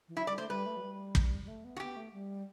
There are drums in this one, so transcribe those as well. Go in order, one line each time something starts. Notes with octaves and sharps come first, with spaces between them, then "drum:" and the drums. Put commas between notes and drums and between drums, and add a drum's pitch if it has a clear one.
E3
F#3 E4
G3 D5
A3 C5
G3 B4
A3
F#3
G3
drum: kick
G3
A3
B3
F#4
B3 G4
A3
G3